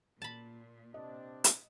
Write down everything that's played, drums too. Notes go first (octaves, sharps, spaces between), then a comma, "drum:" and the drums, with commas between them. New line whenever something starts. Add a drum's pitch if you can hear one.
A#2 A5 B5
C3 C4 D4 D#5
drum: hi-hat